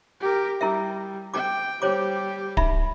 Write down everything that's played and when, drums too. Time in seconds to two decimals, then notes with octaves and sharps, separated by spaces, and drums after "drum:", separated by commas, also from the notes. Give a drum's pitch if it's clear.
0.21 G4 A#4
0.61 G3 E4 A#4 E5
1.34 G5 D6
1.82 G3 G4 C5 C#5 D6
2.57 D#4 E5 B5, drum: kick D1